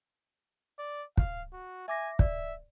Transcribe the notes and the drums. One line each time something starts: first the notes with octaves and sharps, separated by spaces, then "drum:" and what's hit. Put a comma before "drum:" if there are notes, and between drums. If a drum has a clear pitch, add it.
D5
F5, drum: kick
F#4
E5 G#5 D6 A#6
D5 E5, drum: kick